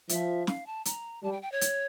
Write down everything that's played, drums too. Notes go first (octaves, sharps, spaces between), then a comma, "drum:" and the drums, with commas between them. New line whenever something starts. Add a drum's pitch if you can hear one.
F3 E5, drum: hi-hat
F5, drum: snare
A5
A#5, drum: hi-hat
G3 A5
G5
G5
C#5
drum: hi-hat